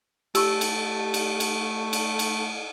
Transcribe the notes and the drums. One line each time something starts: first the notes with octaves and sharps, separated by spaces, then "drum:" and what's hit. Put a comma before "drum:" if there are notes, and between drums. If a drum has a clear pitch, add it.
A3 G4 C#6 E6, drum: cymbal
drum: cymbal
drum: cymbal
drum: cymbal
drum: cymbal
drum: cymbal